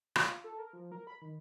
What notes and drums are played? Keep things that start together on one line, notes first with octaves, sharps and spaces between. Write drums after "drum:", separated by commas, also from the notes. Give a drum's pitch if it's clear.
F4, drum: rim click
A4
A#4
F3
A#4
B5
D#3